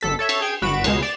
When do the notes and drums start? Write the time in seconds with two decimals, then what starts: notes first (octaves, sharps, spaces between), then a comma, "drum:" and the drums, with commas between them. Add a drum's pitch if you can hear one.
0.01 G1 A4 B6
0.19 A4 C#5 E5
0.29 drum: cymbal
0.40 G#4 G5 G#6
0.62 G1 F#4 B5 D7 E7
0.84 C#2 B2 G#3 C7, drum: cymbal
1.02 D5 E7